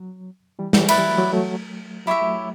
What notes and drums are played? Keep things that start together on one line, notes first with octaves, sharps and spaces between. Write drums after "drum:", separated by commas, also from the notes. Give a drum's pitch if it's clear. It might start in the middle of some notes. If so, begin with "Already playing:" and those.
Already playing: F#3
E3 G3
E3 G3, drum: snare
F#3 E4 B4 D5, drum: cymbal
E3 G3
F#3 A3
F#3
F#3 A3
F#3 E4 G4 C#5 E5
F#3 A3